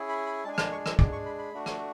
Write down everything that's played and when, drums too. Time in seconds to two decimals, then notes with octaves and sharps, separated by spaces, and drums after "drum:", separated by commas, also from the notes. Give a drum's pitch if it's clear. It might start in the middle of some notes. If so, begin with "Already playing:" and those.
Already playing: C#4 E4 G#4
0.09 B5
0.26 B5
0.44 G#3 D4 G#4 A5
0.53 G#5
0.58 A5, drum: rim click
0.72 C#6
0.86 E6, drum: rim click
0.99 G#3 D4 G#4 D6, drum: kick
1.12 C#6
1.26 B5
1.39 B5
1.53 A3 D4 F#4
1.66 drum: rim click